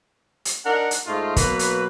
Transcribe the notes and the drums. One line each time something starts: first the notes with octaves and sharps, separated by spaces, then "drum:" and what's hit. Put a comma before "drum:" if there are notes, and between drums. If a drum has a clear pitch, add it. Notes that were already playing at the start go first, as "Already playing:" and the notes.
drum: hi-hat
D4 D#4 A#4 F#5
drum: hi-hat
G#2 A3 D#4 F4
B2 F#3 A#3 B4, drum: kick, hi-hat
drum: hi-hat